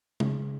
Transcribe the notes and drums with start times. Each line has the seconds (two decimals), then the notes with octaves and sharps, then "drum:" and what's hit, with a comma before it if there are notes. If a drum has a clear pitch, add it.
0.20 C#3, drum: tom G#3